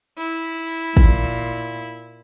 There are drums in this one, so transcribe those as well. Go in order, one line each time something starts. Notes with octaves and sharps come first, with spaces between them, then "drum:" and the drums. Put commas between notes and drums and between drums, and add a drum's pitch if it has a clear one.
E4
A#2, drum: kick